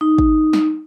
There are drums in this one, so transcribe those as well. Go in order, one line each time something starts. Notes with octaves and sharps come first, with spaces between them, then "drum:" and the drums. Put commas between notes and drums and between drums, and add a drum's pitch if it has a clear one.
D#4
drum: kick
drum: snare